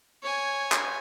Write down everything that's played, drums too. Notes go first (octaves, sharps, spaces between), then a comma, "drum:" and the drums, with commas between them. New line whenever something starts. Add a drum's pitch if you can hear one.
C#5 G#5
drum: clap